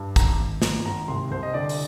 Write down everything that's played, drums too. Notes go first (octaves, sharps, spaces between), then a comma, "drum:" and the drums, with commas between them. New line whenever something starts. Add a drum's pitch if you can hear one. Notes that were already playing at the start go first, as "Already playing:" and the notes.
Already playing: G2
G#1 A#5, drum: kick, hi-hat
G#1
G#1 A#5, drum: snare
G#1 A#5
C2 C6
C2 C5
D#5
D3 D5
drum: open hi-hat